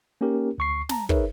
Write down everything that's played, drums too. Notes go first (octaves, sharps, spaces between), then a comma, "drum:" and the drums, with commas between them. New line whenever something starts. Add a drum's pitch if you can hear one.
A#3 C#4 D#4 G4 A#4
D2 C#6 C7
A5 A#5, drum: snare
D#4 G#4 A#4 B4 C#5 E5, drum: kick